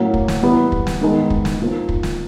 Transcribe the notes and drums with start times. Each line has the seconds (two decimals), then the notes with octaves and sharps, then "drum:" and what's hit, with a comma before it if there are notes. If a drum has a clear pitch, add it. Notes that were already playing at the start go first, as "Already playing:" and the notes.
Already playing: A2 F#3 A#3 C#4
0.14 drum: kick
0.28 drum: snare
0.43 E3 G3 B3
0.72 drum: kick
0.87 drum: snare
1.01 G#2 D#3 G#3 B3
1.30 drum: kick
1.45 drum: snare
1.59 G#2 F3 A#3
1.89 drum: kick
2.03 drum: snare